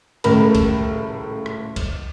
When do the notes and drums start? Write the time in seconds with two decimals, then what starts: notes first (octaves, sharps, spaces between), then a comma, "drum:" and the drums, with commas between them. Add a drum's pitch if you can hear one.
0.24 D#1 C#2 A2 A3 A#4 B5, drum: cymbal
0.55 drum: kick, cymbal
1.46 drum: rim click
1.76 drum: kick, cymbal